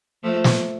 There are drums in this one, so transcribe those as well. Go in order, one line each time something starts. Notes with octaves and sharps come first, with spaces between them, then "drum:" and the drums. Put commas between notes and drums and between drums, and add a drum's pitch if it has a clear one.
F3 A3
drum: snare